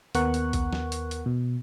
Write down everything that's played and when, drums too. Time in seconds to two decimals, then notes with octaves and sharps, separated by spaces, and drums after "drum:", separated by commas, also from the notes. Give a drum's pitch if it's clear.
0.15 D#2 B3 A#4 F#5 C#6 F#6, drum: hi-hat
0.34 drum: hi-hat
0.53 drum: kick B1, hi-hat
0.73 drum: snare
0.92 drum: hi-hat
1.11 drum: hi-hat
1.26 B2